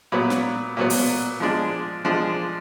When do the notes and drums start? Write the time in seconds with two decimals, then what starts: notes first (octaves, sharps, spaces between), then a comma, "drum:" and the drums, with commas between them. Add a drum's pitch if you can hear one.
0.12 A#2 F#3 B3 B5
0.30 drum: snare
0.77 A#2 F#3 B3
0.90 drum: open hi-hat
1.40 F3 G#3 D4
2.05 F3 G#3 D4